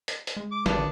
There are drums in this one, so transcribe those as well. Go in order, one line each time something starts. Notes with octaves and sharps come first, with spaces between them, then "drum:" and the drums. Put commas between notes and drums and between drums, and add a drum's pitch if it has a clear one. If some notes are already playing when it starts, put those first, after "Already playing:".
drum: hi-hat
drum: hi-hat
G#3
D6
G#1 B3 D4, drum: snare
D3